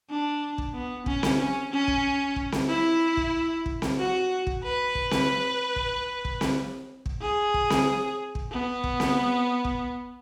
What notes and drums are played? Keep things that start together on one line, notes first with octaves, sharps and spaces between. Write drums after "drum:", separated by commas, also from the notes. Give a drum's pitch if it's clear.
D4
drum: kick
B3
C#4, drum: kick
drum: snare C4
C#4
C#4
drum: kick
drum: kick
drum: snare C4
E4
drum: kick
drum: kick
drum: snare C4
F#4
drum: kick
B4
drum: kick
drum: snare C4
drum: kick
drum: kick
drum: snare C4
drum: kick
G#4
drum: kick
drum: snare C4
drum: kick
B3
drum: kick
drum: snare C4
drum: kick